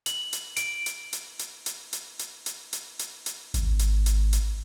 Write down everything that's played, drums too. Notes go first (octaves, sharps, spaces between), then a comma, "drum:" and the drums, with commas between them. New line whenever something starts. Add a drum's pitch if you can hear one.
F#7, drum: hi-hat
drum: hi-hat
D7, drum: hi-hat
drum: hi-hat
drum: hi-hat
drum: hi-hat
drum: hi-hat
drum: hi-hat
drum: hi-hat
drum: hi-hat
drum: hi-hat
drum: hi-hat
drum: hi-hat
G#1, drum: hi-hat
drum: hi-hat
drum: hi-hat
drum: hi-hat